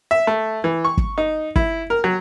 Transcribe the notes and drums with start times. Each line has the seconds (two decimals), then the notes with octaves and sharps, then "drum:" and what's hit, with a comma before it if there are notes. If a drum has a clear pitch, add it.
0.11 E5
0.27 A3
0.64 E3
0.85 C#6
0.97 drum: kick
1.18 D#4
1.56 E4, drum: kick
1.90 A#4
2.04 F#3